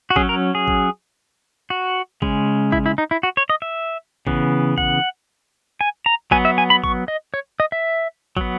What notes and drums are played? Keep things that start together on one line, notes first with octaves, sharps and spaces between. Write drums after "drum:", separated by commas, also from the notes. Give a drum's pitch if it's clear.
F#4
F#3 C#4 G#4, drum: kick
A#4
G#4
drum: kick
F#4
C#3 G#3 C#4, drum: kick
E4, drum: kick
E4
D#4
E4
F#4
C#5
D#5
E5
C#3 E3 B3, drum: kick
F#5, drum: kick
G#5
A#5
F#3 B3 G#5, drum: kick
E5
G#5
B5
C#6, drum: kick
D#5
C#5
D#5
E5
F#3 B3, drum: kick